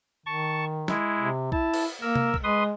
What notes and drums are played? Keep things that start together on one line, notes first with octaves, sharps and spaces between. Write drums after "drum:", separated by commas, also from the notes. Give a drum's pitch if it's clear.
D#3 A5 C#6
G#3 E4, drum: snare
C3
E4 A5, drum: kick
drum: cymbal
A#3 A#4 E6
drum: tom C3
drum: kick
G#3 B4 C6 D#6